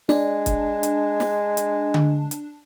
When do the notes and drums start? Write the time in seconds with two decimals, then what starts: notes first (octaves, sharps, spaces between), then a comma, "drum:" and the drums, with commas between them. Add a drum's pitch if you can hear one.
0.09 G#3 D4, drum: snare
0.46 drum: kick, hi-hat
0.83 drum: hi-hat
1.20 drum: snare
1.57 drum: hi-hat
1.94 drum: tom D3
2.31 drum: hi-hat